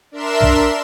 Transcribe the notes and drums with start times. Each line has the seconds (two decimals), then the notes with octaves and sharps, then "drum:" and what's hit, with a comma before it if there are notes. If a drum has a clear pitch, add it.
0.12 D4 A#4 E5 C6 E7
0.41 drum: tom